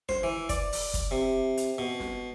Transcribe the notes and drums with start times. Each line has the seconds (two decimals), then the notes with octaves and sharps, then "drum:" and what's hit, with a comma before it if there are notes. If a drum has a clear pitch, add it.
0.09 C5, drum: snare
0.23 E3
0.49 D5, drum: kick, hi-hat
0.73 drum: open hi-hat
0.94 drum: kick, hi-hat
1.11 C3
1.57 drum: hi-hat
1.78 B2
2.00 drum: snare